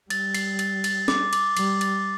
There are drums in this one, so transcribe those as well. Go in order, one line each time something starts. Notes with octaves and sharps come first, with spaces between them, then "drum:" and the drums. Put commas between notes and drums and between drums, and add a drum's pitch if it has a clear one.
G3 A6, drum: cymbal
C7, drum: cymbal
A6, drum: cymbal
A6, drum: cymbal
D6, drum: snare C#4
D6, drum: cymbal
G3 C7, drum: cymbal
A6, drum: cymbal